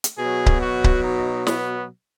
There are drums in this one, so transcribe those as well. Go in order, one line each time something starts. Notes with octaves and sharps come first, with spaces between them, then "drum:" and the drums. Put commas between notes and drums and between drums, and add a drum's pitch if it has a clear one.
drum: hi-hat
B2 F#3 G#4
drum: kick C#1
F#4
drum: kick C#1
D#4
B3, drum: snare